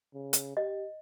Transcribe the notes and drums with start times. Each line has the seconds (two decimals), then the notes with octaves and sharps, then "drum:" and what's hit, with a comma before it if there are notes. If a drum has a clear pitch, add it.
0.14 C#3
0.33 drum: hi-hat
0.57 G4 D#5